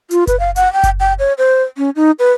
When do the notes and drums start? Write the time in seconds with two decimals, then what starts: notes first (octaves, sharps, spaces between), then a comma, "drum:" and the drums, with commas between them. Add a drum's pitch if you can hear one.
0.11 F4, drum: hi-hat
0.27 B4, drum: kick F#1, hi-hat
0.40 F5
0.56 F#5, drum: hi-hat
0.73 G5
0.83 drum: kick F#1, hi-hat
1.00 G5
1.19 C#5
1.38 C5
1.77 C#4
1.96 D#4
2.19 B4